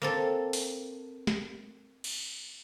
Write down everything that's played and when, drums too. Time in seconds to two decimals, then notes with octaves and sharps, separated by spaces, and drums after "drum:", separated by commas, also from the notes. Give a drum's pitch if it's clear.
0.02 A#3 C4 A4
0.53 drum: open hi-hat
1.27 drum: snare
2.04 drum: cymbal